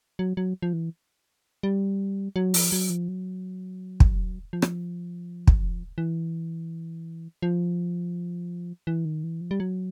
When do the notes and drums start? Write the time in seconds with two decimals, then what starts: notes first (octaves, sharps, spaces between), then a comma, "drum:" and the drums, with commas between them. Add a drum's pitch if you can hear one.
0.19 F#3
0.37 F#3
0.62 F3
0.73 E3
1.63 G3
2.36 F#3
2.54 F3, drum: open hi-hat
2.72 F#3
2.90 F3
3.08 F#3
4.00 drum: kick
4.53 F3
4.62 drum: rim click
5.47 drum: kick
5.98 E3
7.42 F3
8.87 E3
9.05 D#3
9.24 E3
9.41 F3
9.51 G3
9.60 F#3